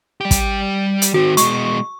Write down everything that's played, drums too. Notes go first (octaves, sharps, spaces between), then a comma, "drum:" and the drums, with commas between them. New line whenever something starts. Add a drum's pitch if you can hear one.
G3 G4
drum: kick, hi-hat
drum: hi-hat
D#3 C4 F#4
B2 G#3 C#6, drum: hi-hat